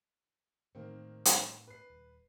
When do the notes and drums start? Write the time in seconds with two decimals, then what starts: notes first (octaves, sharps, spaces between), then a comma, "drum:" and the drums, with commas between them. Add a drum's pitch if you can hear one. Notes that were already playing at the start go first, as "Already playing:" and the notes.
0.75 A2 D#3 A#3 C4
1.25 drum: hi-hat
1.68 B4 C7
1.90 D#1